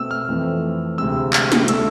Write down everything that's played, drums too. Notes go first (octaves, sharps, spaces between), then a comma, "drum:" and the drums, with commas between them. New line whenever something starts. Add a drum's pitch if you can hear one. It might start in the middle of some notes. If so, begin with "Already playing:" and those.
Already playing: B2 A3 C4 E6
F6
F2 E3 A3 C4
D2 C3 G#3 C4 E6
F6, drum: clap
drum: snare
D3 A3 E6, drum: hi-hat